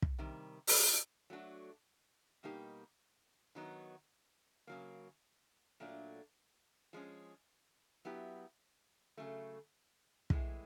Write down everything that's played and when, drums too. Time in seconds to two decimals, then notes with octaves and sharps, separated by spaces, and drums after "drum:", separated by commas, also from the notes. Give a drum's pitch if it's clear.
0.02 drum: kick
0.19 C3 D#3 G3
0.67 drum: open hi-hat
1.30 F#3 A3 D4 F#4
2.43 B2 G3 A#3 D#4 G4
3.55 D#3 F#3 B3 D#4
4.67 C#3 F#3 A#3
5.80 A#2 F#3 A3 D4
6.93 F3 G#3 C#4
8.05 F#3 B3 E4 G4
9.17 C#3 F#3 A3
10.30 A2 E3 G#3, drum: kick